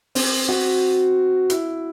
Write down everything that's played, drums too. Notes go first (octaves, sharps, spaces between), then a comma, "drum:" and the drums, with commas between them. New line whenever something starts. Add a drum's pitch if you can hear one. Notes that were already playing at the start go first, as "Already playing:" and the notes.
C4, drum: open hi-hat
F#4
E4, drum: hi-hat